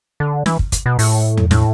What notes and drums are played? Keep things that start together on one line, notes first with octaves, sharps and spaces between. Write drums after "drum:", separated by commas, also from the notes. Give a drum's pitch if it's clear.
D3
E3, drum: snare
drum: kick
drum: kick, hi-hat
B2
A2, drum: open hi-hat
drum: tom E2
A2, drum: snare